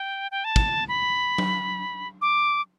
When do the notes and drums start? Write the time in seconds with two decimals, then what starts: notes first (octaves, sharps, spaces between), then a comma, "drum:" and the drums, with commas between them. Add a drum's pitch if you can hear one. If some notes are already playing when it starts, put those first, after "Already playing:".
Already playing: G5
0.31 G5
0.44 A5
0.56 drum: kick
0.88 B5
1.38 drum: tom F#3
2.22 D6